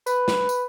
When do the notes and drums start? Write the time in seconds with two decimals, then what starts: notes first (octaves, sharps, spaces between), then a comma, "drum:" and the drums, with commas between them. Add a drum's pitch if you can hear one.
0.07 B4, drum: tambourine
0.28 drum: snare
0.49 drum: tambourine